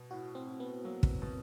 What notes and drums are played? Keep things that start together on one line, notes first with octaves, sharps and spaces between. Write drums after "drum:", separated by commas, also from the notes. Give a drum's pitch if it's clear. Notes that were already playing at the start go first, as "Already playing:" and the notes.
Already playing: B2
A2 F#4
C4
A2
B3
F#3 A#3
drum: kick
B2